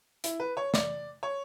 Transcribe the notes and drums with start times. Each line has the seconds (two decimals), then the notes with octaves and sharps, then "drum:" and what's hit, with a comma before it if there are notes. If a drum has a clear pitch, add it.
0.24 E4, drum: hi-hat
0.40 B4
0.57 C#5
0.74 D5, drum: snare
1.23 C#5